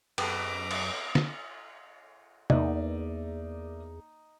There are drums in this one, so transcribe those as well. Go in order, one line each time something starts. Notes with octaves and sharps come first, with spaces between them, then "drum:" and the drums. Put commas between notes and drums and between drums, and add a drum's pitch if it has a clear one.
F#2 B3 G4 A4 A#5 D6, drum: cymbal
drum: cymbal
drum: snare D3
E2 A#3 D#4 D5 E5, drum: tom